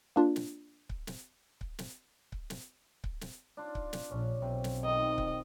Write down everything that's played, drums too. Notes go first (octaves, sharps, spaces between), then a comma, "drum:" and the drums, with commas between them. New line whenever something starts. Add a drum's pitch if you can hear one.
A#3 D4 F4
drum: snare
drum: kick C#1
drum: snare
drum: kick C#1
drum: snare
drum: kick C#1
drum: snare
drum: kick C#1
drum: snare
D4 F4
drum: kick C#1
drum: snare
A#1 C#4
B1 C3
drum: snare
D#3 C4 D#5
drum: kick C#1